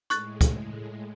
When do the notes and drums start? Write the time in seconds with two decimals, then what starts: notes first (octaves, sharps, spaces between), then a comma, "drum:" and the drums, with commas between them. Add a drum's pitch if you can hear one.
0.10 A2 G#3 C#6 F#6 A6, drum: hi-hat
0.41 drum: kick, hi-hat